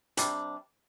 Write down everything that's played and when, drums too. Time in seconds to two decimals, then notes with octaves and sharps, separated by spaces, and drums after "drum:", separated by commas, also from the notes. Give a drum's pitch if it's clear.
0.17 C3 G3 D4, drum: hi-hat